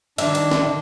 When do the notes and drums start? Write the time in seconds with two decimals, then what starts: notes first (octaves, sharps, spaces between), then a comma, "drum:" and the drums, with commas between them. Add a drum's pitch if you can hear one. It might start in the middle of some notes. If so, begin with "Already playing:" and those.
0.18 D#3 D4 E5, drum: cymbal
0.35 drum: cymbal
0.51 drum: snare